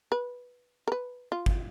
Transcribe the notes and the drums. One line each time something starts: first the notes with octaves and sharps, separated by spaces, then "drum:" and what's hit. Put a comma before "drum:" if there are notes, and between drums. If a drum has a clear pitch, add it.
B4
A#4
B4
F4
drum: kick G1